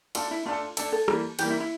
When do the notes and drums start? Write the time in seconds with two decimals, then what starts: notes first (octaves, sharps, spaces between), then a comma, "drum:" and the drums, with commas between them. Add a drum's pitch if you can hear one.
0.15 A3 D4 F4 A4, drum: cymbal
0.31 E4
0.46 A3 D4 F4 A4
0.77 A3 D4 A4, drum: cymbal
0.92 A4
1.08 E3 G3 A#3, drum: rim click
1.39 E3 G3 A#3 G4, drum: cymbal
1.50 E4
1.60 E4